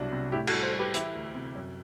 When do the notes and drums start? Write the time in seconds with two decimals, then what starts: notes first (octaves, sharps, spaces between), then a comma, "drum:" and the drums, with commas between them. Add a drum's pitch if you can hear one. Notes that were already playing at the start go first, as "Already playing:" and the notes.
Already playing: C2 B2 F#3 D4 F#4
0.12 C3
0.32 A2 E4 G4
0.47 F#4 A4, drum: cymbal
0.52 G3
0.63 A4 C5
0.73 G3
0.79 G4 B4
0.94 E3 E4 G4, drum: hi-hat
1.14 D2
1.35 C3
1.55 F#2